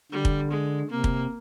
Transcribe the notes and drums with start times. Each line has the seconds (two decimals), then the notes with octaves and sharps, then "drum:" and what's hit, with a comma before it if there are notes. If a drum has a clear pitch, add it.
0.11 D3 G3
0.25 drum: kick
0.51 G#3
0.91 C3 A#3
1.04 drum: kick